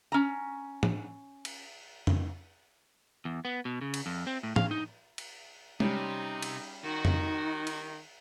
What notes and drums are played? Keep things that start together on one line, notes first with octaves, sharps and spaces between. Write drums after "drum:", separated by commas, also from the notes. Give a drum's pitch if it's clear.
C#4 A#5
drum: tom
drum: cymbal
drum: tom F2
E2
B3
B2
C#3
drum: cymbal
F2
C4
A2
F5, drum: tom
D#4
drum: cymbal
C3 G3 C#4 D#4, drum: tom G#3
drum: cymbal
D#3 D#4 F#4
drum: tom F2
drum: cymbal